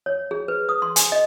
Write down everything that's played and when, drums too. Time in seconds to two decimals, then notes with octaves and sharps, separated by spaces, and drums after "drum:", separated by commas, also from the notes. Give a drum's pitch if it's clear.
0.06 C#5
0.31 G#4
0.48 B4
0.69 D#6
0.82 C6
0.96 G#5, drum: hi-hat
1.12 D#5